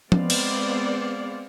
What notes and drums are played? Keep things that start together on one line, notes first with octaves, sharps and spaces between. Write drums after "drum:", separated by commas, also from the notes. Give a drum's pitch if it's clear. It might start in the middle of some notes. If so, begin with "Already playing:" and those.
G#3 B3 C4 D5 F5, drum: tom F3
drum: cymbal